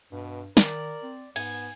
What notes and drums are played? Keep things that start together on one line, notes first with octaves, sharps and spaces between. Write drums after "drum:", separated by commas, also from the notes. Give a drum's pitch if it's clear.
G2 B2
D#3 A#4 D5, drum: snare
C4
G#2 B3 G#5, drum: cymbal